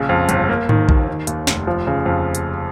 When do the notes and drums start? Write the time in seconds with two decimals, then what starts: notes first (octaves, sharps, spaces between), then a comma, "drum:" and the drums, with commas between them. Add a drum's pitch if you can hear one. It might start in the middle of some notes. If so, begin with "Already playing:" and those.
Already playing: A#1 C#3
0.09 F2
0.29 G1, drum: hi-hat
0.49 A#3
0.69 D#3, drum: tom G#2
0.89 D#2, drum: kick
1.08 D#3
1.27 D#2, drum: hi-hat
1.47 F1, drum: snare
1.67 F3
1.87 C#3
2.06 F2
2.35 drum: hi-hat